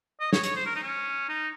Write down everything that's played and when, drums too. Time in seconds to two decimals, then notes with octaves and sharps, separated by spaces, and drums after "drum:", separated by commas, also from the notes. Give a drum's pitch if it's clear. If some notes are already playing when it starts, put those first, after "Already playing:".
0.21 D#5
0.33 C#5, drum: snare
0.44 C#5, drum: hi-hat
0.56 C5
0.66 A#4
0.76 D#4
0.83 C#4
1.29 D#4